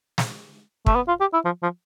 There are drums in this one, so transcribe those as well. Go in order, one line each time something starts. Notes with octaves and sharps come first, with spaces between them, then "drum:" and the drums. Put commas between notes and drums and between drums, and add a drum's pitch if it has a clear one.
drum: snare
A3, drum: kick
B3
F4
G4
E4
F3
F3